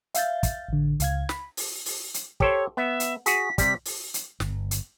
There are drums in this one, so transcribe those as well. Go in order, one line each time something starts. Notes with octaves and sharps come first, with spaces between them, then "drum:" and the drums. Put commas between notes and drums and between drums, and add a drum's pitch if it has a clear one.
E5 F5 G6 A6, drum: hi-hat
drum: kick, hi-hat
A1 D3
C#2 F5 G#6, drum: hi-hat
B5, drum: snare
drum: open hi-hat
drum: open hi-hat
drum: hi-hat
G4 A4 C5 C#5, drum: kick
B3 E5
drum: hi-hat
F#4 G#4 B6, drum: hi-hat
C3 G3 B6, drum: kick, hi-hat
drum: open hi-hat
drum: hi-hat
G1, drum: snare
drum: hi-hat